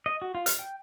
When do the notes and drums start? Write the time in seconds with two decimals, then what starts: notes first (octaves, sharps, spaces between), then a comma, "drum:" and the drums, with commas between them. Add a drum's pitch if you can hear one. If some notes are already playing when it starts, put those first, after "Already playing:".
0.06 D#5
0.22 F#4
0.35 F4
0.46 F6, drum: hi-hat
0.59 G5